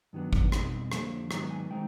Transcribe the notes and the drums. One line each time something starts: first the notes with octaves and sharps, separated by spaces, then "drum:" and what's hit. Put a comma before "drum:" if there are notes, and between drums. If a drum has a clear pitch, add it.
G2 D#3 F#3 B3 D4
drum: kick G#1
B2 G3 C4 D#4 B5, drum: rim click
D3 F3 A#3, drum: rim click
G#2 D#3 F#3 B3 D#4 A#5, drum: rim click
G#5
D#3 G#3 C4 D#4 G5